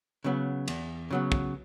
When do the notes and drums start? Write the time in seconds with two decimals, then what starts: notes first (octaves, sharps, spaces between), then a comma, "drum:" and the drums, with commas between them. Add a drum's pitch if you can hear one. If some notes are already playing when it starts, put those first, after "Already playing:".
0.24 C#3 F#3 B3
0.68 E2, drum: cymbal
1.10 C#3 F#3 B3
1.32 drum: kick